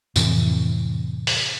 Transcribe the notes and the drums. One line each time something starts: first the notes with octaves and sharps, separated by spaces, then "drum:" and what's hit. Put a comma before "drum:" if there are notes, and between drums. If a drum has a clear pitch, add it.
F2 A2 C3 E3, drum: tambourine
drum: open hi-hat